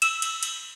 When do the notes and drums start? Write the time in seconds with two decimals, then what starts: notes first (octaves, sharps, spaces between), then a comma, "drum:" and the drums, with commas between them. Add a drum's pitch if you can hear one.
0.02 E6, drum: cymbal
0.22 drum: cymbal
0.43 drum: cymbal